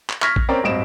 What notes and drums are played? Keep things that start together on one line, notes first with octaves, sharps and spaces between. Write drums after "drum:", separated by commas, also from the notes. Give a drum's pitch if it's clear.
drum: clap
C#6 F6 G#6 A#6 B6, drum: clap
drum: kick A1
C4 C#4 A#4 D5 G5
D1 G2 C4 D#5 D7 E7